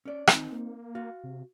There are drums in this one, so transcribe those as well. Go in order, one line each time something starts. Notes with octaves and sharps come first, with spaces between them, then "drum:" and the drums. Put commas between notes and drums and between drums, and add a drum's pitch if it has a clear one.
C#4 D5
D#3 C4 D#4, drum: rim click
A#3
F#4 F5
C3